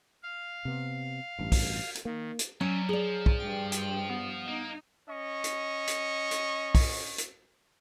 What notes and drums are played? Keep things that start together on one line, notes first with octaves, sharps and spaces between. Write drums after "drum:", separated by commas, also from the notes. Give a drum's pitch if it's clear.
F5
C3 B3
A1 G2
drum: kick, open hi-hat
drum: hi-hat
D#3 A#3
drum: hi-hat
F2 F#3 G3 C#4
F3 G#4 D5
drum: kick
G2 G5
G5, drum: hi-hat
B3
A#3 D#4
C#4 D#5 C#6
drum: hi-hat
drum: hi-hat
drum: hi-hat
drum: kick, open hi-hat
drum: hi-hat